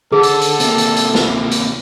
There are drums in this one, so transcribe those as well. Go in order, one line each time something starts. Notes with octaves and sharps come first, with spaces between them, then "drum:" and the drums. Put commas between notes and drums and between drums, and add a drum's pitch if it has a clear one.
D3 G#4 A4
drum: hi-hat
drum: hi-hat
C3 A#3, drum: hi-hat
drum: hi-hat
drum: hi-hat
drum: snare
drum: hi-hat